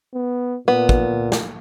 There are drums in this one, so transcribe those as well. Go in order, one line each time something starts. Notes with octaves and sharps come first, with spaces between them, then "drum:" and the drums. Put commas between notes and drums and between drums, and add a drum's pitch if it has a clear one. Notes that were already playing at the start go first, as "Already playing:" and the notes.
B3
A#2 B3
drum: kick
drum: snare